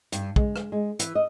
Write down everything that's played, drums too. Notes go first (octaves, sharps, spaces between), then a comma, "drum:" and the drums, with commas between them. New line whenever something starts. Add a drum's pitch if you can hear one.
G2, drum: hi-hat
G#3, drum: kick
drum: rim click
G#3
E3, drum: hi-hat
D#5